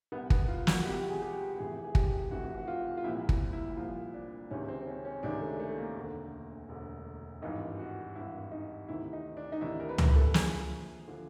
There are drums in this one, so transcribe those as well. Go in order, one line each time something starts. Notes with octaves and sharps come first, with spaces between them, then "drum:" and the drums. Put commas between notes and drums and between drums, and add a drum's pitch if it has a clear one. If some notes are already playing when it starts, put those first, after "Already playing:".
C2 B2 B3
B3, drum: kick
F4
F#4, drum: snare
C2 B2 G4
G#4
G4
F1 F2 C3 E3 G#4
G#4
G4, drum: kick
F1 F2 C3 E3 F#4
F#4
F4
F4
C2 A#2 F3 E4
E4, drum: kick
E4
C2 A#2 F3 F4
D4
C#2 C3 D#3 C#4
C4
C4
C#4
C#4
C#2 C3 D#3 D4
A3
A3
A#3
E1 D2 D3
E1 D2 D3
G#1 G2 E3 D#4
F#4
G#1 G2 E3 E4
D#4
D2 C3 D#3 E4
D#4
D4
D#4
D2 C3 D#3 E4
A#4
B4
A#4, drum: tom C#2
A4
D#2 D3 F3 G#4, drum: snare
D3 F3